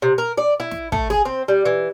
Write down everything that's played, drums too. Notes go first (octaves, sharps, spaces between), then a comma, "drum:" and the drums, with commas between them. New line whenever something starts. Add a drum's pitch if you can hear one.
C3
A#4
D5
E4
drum: snare
A3, drum: kick
G#4, drum: snare
C4
G3
E3